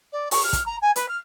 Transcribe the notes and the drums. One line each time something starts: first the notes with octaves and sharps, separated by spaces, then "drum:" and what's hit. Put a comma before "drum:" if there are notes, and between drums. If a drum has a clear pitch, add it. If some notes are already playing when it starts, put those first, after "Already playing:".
D5
C#6, drum: open hi-hat
F6
drum: kick, hi-hat
A#5
G#5
B4, drum: hi-hat
F6